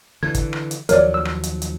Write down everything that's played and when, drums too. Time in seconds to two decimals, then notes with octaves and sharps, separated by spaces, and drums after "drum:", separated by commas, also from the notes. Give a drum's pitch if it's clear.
0.23 D3 E3 G#6
0.35 drum: kick, hi-hat
0.53 drum: rim click
0.71 drum: hi-hat
0.89 D#2 F3 F#3 A#4 C#5 D5, drum: hi-hat
1.14 E6
1.25 drum: rim click
1.43 drum: hi-hat
1.62 drum: hi-hat